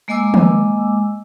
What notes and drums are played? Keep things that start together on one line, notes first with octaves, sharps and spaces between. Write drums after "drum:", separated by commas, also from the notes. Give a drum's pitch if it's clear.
G#3 A#3 D#5 G#5 D6 E6
drum: tom D#3